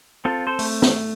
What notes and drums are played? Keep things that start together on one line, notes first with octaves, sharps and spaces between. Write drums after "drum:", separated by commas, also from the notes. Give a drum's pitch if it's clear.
C4 F4 A4
A4 C5
A3, drum: open hi-hat
drum: snare